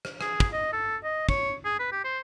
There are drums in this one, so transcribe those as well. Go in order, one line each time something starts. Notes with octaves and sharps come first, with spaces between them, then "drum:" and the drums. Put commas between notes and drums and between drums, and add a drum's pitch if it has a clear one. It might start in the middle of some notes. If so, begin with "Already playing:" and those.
drum: rim click
G#4, drum: rim click
drum: kick
D#5
A4
D#5
C#5, drum: kick
G#4
B4
G4
C5